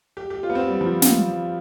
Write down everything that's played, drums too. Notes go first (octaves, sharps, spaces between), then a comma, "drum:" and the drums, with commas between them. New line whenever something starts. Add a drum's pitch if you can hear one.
G4
G4
F4
B3
C4
G3
F3
drum: snare